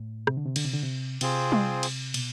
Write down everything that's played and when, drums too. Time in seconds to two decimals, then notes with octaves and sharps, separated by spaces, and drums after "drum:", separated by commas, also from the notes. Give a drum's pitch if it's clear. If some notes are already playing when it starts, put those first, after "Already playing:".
Already playing: A2
0.27 C3, drum: rim click
0.37 D3
0.46 C3
0.56 D3, drum: cymbal
0.65 C3
0.73 D3
0.83 C3
1.21 C3 C4 F4 G#4 C5, drum: cymbal
1.52 drum: tom G3
1.83 drum: cymbal
2.14 B2, drum: cymbal